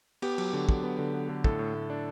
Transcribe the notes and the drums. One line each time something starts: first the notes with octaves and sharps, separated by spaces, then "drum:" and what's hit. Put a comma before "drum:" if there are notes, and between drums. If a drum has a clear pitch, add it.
B3 G4, drum: cymbal
F#3, drum: cymbal
D3
D3, drum: kick
B3
D3
B3
D3
A2 A4, drum: kick
A2
A2
D4